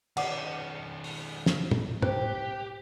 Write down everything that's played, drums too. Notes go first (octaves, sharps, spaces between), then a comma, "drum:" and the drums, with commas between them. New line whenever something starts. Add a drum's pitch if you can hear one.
D#3 C#4 F#5 D6, drum: cymbal
drum: open hi-hat
drum: snare
drum: tom
G4 C5, drum: tom